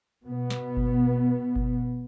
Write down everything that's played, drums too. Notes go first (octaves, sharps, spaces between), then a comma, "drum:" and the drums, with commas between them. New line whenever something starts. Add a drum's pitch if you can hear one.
B2 B3
drum: snare
drum: kick G1
drum: kick G1